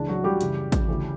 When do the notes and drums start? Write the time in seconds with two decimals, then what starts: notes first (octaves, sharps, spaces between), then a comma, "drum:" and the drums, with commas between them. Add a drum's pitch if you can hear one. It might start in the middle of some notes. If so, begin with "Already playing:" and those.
Already playing: C#2 C#3 E3 D4
0.08 F#3 F#4
0.24 G3 G4
0.41 F#2 C#3 E3, drum: hi-hat
0.72 drum: kick, hi-hat
0.88 D2 C#3 E3